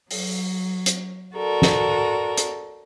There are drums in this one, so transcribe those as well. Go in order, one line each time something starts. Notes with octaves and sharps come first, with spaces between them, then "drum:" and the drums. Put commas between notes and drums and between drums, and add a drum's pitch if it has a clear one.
F#3, drum: open hi-hat
drum: hi-hat
F#4 A4 A#4 D5
drum: snare
drum: hi-hat